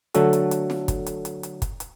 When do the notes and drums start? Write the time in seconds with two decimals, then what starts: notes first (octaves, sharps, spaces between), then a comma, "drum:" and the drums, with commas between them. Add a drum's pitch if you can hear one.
0.14 D3 F#3 A3 F#4 A4, drum: hi-hat
0.33 drum: hi-hat
0.51 drum: hi-hat
0.70 drum: snare
0.88 drum: kick, hi-hat
1.06 drum: hi-hat
1.25 drum: hi-hat
1.43 drum: hi-hat
1.62 drum: kick, hi-hat
1.80 drum: hi-hat